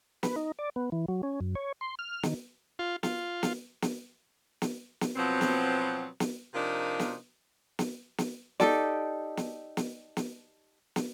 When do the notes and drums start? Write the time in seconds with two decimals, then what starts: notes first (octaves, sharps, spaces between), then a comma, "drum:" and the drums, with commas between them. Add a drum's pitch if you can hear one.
0.23 B4, drum: snare
0.36 D#4
0.59 D5
0.76 B3
0.92 E3
1.08 F#3
1.23 C#4
1.41 F#2
1.55 C#5
1.81 C6
1.99 F6
2.23 D#3, drum: snare
2.79 F4
3.03 F4, drum: snare
3.43 drum: snare
3.82 drum: snare
4.62 drum: snare
5.01 drum: snare
5.16 B2 F3 F#3 B3 C4
5.41 drum: snare
6.20 drum: snare
6.53 C3 F3 D4 D#4 F4 A#4
6.99 drum: snare
7.79 drum: snare
8.18 drum: snare
8.60 D#4 G4 A4 D5, drum: snare
9.37 drum: snare
9.77 drum: snare
10.17 drum: snare
10.96 drum: snare